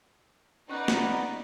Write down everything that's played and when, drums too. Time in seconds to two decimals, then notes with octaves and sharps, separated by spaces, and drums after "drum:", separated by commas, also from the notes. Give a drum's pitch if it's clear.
0.70 B3 C#4 D#4 D5 F#6
0.88 drum: snare